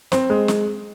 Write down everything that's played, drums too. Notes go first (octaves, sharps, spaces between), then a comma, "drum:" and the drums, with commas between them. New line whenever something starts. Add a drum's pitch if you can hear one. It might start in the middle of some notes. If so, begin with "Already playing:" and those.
C4, drum: snare
G#3
drum: snare